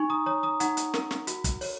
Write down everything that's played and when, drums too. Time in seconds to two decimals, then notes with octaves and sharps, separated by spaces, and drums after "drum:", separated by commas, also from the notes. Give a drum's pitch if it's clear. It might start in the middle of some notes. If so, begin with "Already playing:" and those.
Already playing: D#4 G#5 C#6
0.10 A#5 D#6
0.26 C#5 A#5 D#6
0.43 A#5 D#6
0.60 D#4 F#5 A#5, drum: hi-hat
0.77 drum: hi-hat
0.94 A#4, drum: snare
1.11 drum: snare
1.27 F#4, drum: hi-hat
1.44 drum: kick, hi-hat
1.61 C#5, drum: open hi-hat